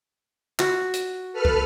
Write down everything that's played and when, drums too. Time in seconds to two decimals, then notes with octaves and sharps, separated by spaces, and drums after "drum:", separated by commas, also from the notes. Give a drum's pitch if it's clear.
0.59 F#4, drum: clap
0.94 drum: hi-hat
1.33 A4 B4 F6
1.45 drum: kick